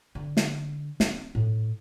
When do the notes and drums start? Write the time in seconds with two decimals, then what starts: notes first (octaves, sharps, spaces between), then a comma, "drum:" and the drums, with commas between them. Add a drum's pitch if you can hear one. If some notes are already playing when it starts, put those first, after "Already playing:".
0.15 D3
0.37 drum: snare
1.00 C4, drum: snare
1.35 A2